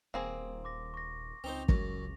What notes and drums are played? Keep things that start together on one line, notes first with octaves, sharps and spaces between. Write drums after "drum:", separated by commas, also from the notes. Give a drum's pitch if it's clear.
D#1 A#3 C4 G#4
C6 D6 A#6
C#6 A#6
C#2 C4 D#4 C5 F7
F#2 A#6, drum: kick G1